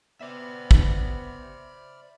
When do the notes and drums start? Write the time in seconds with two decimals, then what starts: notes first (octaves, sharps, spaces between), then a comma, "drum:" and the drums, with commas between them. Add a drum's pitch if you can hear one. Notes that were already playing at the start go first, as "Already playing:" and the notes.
0.21 B3 C5 D5 E5 B5 F6
0.71 drum: kick